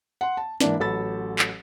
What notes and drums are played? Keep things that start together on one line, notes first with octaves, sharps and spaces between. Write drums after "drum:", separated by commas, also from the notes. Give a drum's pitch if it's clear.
F#5 C6
A5
G#2 E3 A#3 D4 E4, drum: snare
A1 F#3 A4 B5 E6 A6
drum: clap